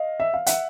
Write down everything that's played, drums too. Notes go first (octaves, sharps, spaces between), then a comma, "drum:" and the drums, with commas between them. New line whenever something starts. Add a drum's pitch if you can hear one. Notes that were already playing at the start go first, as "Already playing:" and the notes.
Already playing: D#5 F5
E5
F5
E5 F#5, drum: hi-hat